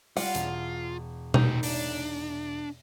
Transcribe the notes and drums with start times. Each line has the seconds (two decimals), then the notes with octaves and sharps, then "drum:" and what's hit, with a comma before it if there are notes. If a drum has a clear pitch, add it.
0.17 G3 F4 F#5, drum: open hi-hat
0.35 E1, drum: hi-hat
1.34 A#2 D#4 G4, drum: tom B2
1.63 D4, drum: open hi-hat